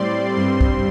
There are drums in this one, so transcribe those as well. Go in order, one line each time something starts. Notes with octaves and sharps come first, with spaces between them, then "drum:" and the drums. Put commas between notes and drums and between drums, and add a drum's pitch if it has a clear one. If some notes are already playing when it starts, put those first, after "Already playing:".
Already playing: A2 G3 C4 D5 C6
G2 G3 C4 C6
drum: kick